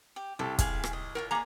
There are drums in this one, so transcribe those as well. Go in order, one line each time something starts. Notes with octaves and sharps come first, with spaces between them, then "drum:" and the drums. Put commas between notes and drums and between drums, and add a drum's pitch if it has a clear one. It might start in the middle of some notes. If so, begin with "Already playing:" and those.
G4
C2 G4 A4
G#4 F5 G#5, drum: kick, hi-hat
drum: rim click
D#5
F4 F#4 A#4 C#5
A#3 G#4 D5 A#5